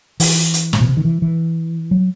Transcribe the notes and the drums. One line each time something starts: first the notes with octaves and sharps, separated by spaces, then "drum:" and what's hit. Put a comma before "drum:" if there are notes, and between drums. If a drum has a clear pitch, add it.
E3, drum: open hi-hat
drum: hi-hat
A2, drum: snare
B2
C3
D#3
E3
E3
F#3